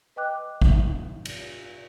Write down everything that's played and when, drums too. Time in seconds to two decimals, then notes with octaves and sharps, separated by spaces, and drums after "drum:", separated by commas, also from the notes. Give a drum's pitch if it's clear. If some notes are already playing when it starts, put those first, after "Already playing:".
0.16 B4 D#5 G5 D6 F#6
0.62 drum: kick
1.25 drum: cymbal